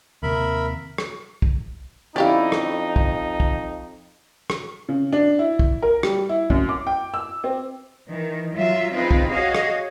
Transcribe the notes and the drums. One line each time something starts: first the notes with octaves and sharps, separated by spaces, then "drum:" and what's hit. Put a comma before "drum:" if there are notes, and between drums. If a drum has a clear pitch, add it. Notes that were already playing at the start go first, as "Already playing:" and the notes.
D#2 C3 A#4 E5 B5
drum: rim click
drum: kick
F2 C#4 D#4 E4 G4 D5 F5
drum: rim click
drum: kick
drum: kick
drum: rim click
C#3
D4
E4
drum: kick
A#4
G3, drum: rim click
E4
F#2, drum: kick
D6
G5
E6
C4
D#3 E3
F#3 F4 E5
C4 D#4 F4 G#4 B4
drum: kick
F#4 G#4 C#5 D#5 F5
drum: rim click